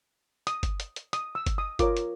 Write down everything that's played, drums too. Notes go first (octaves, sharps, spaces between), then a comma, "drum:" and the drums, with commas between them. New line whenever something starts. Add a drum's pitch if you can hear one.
D#6, drum: hi-hat
drum: kick G1, hi-hat
drum: hi-hat
drum: hi-hat
D#6, drum: hi-hat
E6
drum: kick G1, hi-hat
D#6
F4 A#4 C#5 D6, drum: kick G1, hi-hat
drum: hi-hat